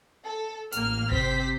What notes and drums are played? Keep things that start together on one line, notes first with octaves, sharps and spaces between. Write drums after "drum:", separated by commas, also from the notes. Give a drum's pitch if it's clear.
A4
A1 A#3 F6, drum: hi-hat
C3 C4 C5 B6, drum: kick G1